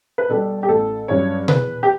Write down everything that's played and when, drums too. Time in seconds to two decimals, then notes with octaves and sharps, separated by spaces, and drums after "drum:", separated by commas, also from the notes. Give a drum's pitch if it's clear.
0.18 B4
0.29 B2 G3 A4
0.63 G4
0.69 A1 A4
1.08 G2 F#3 C#4 C#5
1.48 E2 B4, drum: tom B2
1.83 G4